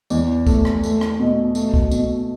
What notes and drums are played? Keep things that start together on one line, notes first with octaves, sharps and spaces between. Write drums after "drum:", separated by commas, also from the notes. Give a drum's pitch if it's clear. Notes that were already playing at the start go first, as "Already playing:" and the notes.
E2, drum: tambourine
A3, drum: kick, tambourine
drum: rim click
A3, drum: tambourine
drum: rim click
B2
A3, drum: tambourine
drum: kick
B2, drum: tambourine